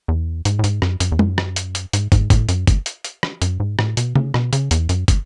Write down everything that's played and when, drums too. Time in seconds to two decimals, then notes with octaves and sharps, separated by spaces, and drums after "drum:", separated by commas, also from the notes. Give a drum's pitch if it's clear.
0.08 E2
0.45 G#2, drum: hi-hat
0.59 A2
0.64 G#2, drum: hi-hat
0.82 F#2, drum: rim click
1.00 F#2, drum: hi-hat
1.12 E2
1.19 F#2, drum: tom
1.38 drum: rim click
1.56 drum: hi-hat
1.75 drum: hi-hat
1.93 G#2, drum: hi-hat
2.12 G#2, drum: kick, hi-hat
2.30 A2, drum: kick, hi-hat
2.49 F#2, drum: hi-hat
2.67 drum: kick, hi-hat
2.86 drum: hi-hat
3.04 drum: hi-hat
3.23 drum: rim click
3.42 F#2, drum: hi-hat
3.60 G#2
3.79 A2, drum: rim click
3.97 B2, drum: hi-hat
4.16 C#3, drum: tom
4.34 B2, drum: rim click
4.53 C#3, drum: hi-hat
4.71 E2, drum: hi-hat
4.89 F#2, drum: hi-hat
5.08 drum: kick, hi-hat